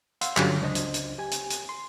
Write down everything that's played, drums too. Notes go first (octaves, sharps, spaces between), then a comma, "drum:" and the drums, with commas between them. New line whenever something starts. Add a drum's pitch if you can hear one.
F5 F#5 C6 E6, drum: hi-hat
G2 D3 F#3 G3 C#4 F4, drum: clap
C#2 D4 C5 D#5
drum: hi-hat
drum: hi-hat
G4 G#5
drum: hi-hat
drum: hi-hat
C6